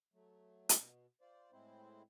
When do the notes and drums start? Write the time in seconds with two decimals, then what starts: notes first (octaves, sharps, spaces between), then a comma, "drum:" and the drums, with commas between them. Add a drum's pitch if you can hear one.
0.14 F#3 A3
0.69 drum: hi-hat
0.79 B2
1.21 F4 C5 D5
1.52 A2 G#3 C4 E4 C5